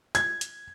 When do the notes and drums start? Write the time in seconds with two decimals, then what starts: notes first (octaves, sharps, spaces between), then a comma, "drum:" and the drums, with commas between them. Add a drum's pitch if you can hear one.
0.15 G#6, drum: hi-hat
0.41 drum: hi-hat